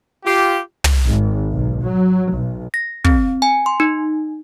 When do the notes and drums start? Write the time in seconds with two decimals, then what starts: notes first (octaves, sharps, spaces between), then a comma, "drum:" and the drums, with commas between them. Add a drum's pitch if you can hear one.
0.24 F4 G4
0.84 drum: tom
1.07 G#1
1.53 B1
1.83 F#3
2.35 B1
2.74 A#6
3.04 C4, drum: kick
3.42 G#5
3.66 C6
3.80 D#4